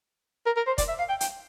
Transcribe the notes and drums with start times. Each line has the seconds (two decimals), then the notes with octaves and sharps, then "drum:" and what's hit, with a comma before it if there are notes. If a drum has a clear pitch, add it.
0.46 A#4
0.57 A#4
0.67 C5
0.78 D5, drum: kick F1, hi-hat
0.88 E5
0.99 F5
1.09 G5
1.21 G5, drum: hi-hat